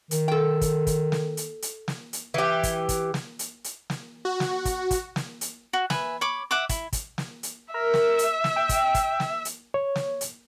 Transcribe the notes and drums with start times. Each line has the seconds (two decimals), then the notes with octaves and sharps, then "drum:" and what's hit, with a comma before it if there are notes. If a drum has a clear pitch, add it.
0.11 D#3, drum: hi-hat
0.28 A4 G5
0.61 drum: kick, hi-hat
0.87 drum: kick, hi-hat
1.12 drum: snare
1.37 drum: hi-hat
1.62 drum: hi-hat
1.88 drum: snare
2.13 drum: hi-hat
2.34 E3 G4
2.63 drum: kick, hi-hat
2.89 drum: kick, hi-hat
3.14 drum: snare
3.39 drum: hi-hat
3.64 drum: hi-hat
3.90 drum: snare
4.25 F#4
4.40 drum: snare
4.65 drum: kick, hi-hat
4.91 drum: kick, hi-hat
5.16 drum: snare
5.41 drum: hi-hat
5.73 F#4
5.90 B4 E5 G#5, drum: snare
6.21 C#5 B5 D6
6.51 E5 F#5 D6
6.69 E4, drum: kick, hi-hat
6.93 drum: kick, hi-hat
7.18 drum: snare
7.43 drum: hi-hat
7.74 A#4 E5
7.94 drum: snare
8.19 drum: hi-hat
8.44 drum: snare
8.56 G5
8.69 drum: kick, hi-hat
8.95 drum: kick, hi-hat
9.20 drum: snare
9.45 drum: hi-hat
9.74 C#5
9.96 drum: snare
10.21 drum: hi-hat